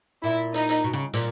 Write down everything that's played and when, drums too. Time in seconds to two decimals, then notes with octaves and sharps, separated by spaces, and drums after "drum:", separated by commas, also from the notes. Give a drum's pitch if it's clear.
0.24 A#2 E4
0.54 D#4, drum: hi-hat
0.69 drum: hi-hat
0.84 B2
0.93 C#3
1.14 A#2, drum: hi-hat